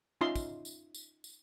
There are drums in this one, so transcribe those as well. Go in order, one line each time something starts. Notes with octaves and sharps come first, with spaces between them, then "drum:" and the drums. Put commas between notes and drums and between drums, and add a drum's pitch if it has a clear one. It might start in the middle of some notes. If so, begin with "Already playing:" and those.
C#4 D#4 F4 D#5 E5 C6
drum: kick, tambourine
drum: tambourine
drum: tambourine
drum: tambourine